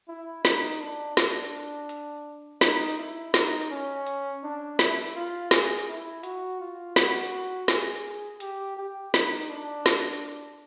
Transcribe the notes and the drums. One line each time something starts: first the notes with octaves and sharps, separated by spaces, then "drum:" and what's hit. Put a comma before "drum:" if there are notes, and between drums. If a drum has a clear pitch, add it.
E4
D#4, drum: snare
D4
D4, drum: snare
drum: hi-hat
D#4, drum: snare
E4
D#4, drum: snare
C#4
drum: hi-hat
D4
E4, drum: snare
F4
G#4, drum: snare
E4
F#4, drum: hi-hat
F4
F#4, drum: snare
G#4, drum: snare
G4, drum: hi-hat
G4
D#4, drum: snare
D4
drum: snare